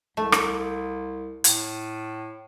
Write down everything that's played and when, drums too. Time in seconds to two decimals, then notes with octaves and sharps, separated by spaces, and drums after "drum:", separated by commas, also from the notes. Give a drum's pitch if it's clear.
0.17 C2 A3
0.32 drum: rim click
1.44 A2, drum: hi-hat